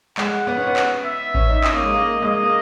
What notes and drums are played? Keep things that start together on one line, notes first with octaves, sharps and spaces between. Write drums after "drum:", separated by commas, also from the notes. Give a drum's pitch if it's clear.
G#3 F#5, drum: clap
B3
C#4
B3
drum: clap
E5
C#4, drum: kick A1
D#4
C#4 D#5, drum: clap
A#3
G#3
A#3
A#3
G#3 D#5
A#3